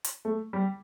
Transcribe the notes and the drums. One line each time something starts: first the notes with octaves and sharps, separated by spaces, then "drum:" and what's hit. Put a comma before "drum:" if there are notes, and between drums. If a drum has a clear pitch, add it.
drum: hi-hat
A3
G3